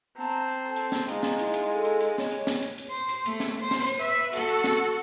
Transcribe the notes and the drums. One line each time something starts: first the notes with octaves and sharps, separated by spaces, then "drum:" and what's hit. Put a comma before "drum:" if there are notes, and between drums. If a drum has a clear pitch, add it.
C4 A5 A#5
A4
drum: hi-hat
drum: snare
G#3 D#4 F4, drum: hi-hat
drum: snare
E4, drum: hi-hat
drum: hi-hat
A4
drum: hi-hat
drum: hi-hat
C#5, drum: snare
drum: hi-hat
drum: snare
drum: hi-hat
drum: hi-hat
C5
drum: hi-hat
A3, drum: hi-hat
drum: snare
C5
drum: snare
drum: hi-hat
B4 E5
F#4 A4, drum: hi-hat
drum: hi-hat
drum: snare